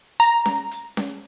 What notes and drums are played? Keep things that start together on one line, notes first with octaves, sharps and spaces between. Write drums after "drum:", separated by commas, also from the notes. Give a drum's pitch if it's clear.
A#5, drum: hi-hat
drum: snare C#4
drum: hi-hat
drum: snare C#4